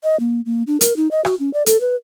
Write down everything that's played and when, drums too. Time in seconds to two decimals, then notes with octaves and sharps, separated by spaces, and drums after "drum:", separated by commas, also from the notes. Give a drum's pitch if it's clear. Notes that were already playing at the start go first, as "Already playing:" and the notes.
0.04 D#5
0.20 A#3
0.46 A#3
0.67 D4
0.81 A#4, drum: hi-hat
0.97 D#4
1.11 D#5
1.25 F#4, drum: rim click
1.40 C#4
1.54 D5
1.66 A4, drum: hi-hat
1.81 B4